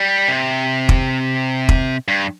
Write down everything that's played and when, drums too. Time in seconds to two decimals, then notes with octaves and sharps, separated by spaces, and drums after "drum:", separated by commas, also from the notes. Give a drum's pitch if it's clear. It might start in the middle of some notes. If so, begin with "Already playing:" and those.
Already playing: G3
0.28 C3
0.89 drum: kick
1.69 drum: kick
2.08 G2